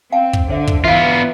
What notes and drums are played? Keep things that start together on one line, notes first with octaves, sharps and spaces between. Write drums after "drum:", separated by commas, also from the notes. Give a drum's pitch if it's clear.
C4 F5 G5 A5
drum: kick
D3 C5 E5
drum: kick
E3 B3 F4 E5 F5